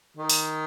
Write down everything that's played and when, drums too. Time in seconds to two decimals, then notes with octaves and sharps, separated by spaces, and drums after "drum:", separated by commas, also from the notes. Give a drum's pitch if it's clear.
0.17 D#3
0.30 drum: open hi-hat